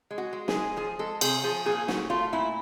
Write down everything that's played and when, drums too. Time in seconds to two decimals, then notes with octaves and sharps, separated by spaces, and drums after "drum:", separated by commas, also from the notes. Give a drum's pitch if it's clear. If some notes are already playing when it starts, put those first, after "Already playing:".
0.11 G#3
0.18 F#4
0.33 G#3
0.48 G#4, drum: snare
0.55 G#3
0.77 F3 G#4
0.99 G#3 A4
1.21 C3 G#4, drum: cymbal
1.44 F3 G#4
1.66 A#2 G#4
1.88 A3 F#4, drum: snare
2.10 A3 F4
2.33 A#2 E4